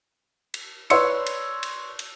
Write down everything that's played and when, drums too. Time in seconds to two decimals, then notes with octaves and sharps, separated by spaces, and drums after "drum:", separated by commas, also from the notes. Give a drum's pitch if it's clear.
0.54 drum: cymbal
0.90 B4 C#5 D5 C6 E6 C#7, drum: cymbal
1.26 drum: cymbal
1.63 drum: cymbal
1.99 drum: cymbal